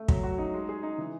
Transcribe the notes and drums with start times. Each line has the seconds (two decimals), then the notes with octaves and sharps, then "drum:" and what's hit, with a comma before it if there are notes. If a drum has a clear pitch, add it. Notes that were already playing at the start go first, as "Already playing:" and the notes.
Already playing: A3
0.09 F#3, drum: kick
0.23 F#4
0.38 D#4
0.53 G#3
0.69 G#4
0.83 D#4
0.98 E3